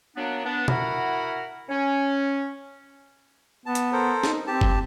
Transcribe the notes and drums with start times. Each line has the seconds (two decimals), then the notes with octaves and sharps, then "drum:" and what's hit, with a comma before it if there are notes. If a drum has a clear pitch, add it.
0.17 F#3 A#3 B3 D4
0.45 B3 D4
0.68 E4 F#4 A#4 F#5 A#5 B5, drum: tom B2
1.69 C#4
3.66 B3 A5
3.75 drum: hi-hat
3.92 A4 A#4 C5
4.24 D#4, drum: snare
4.47 C4 G4 A5
4.61 drum: kick G1